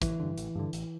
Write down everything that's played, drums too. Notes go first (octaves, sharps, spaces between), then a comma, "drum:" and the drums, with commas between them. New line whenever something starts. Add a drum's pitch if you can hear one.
A1 E3, drum: kick, hi-hat
G2 D3
A1, drum: hi-hat
G2 D3
A1, drum: hi-hat